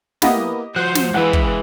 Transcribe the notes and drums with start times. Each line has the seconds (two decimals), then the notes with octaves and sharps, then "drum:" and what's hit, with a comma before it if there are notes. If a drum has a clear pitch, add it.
0.22 A#3 B3 E4 G4 D#5 D#6, drum: snare
0.76 F3 F#4 C5 F#6
0.95 drum: snare
1.14 E3 G#3 B4 F#5
1.33 drum: kick